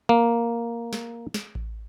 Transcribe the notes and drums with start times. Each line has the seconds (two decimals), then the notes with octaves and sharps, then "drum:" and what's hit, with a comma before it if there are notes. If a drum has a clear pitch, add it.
0.09 A#3
0.93 drum: snare
1.34 drum: snare
1.55 drum: kick A1